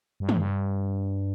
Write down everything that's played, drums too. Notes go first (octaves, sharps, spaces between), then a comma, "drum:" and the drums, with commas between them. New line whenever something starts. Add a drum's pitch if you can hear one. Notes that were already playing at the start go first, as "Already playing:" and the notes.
G2
A2, drum: tom
G2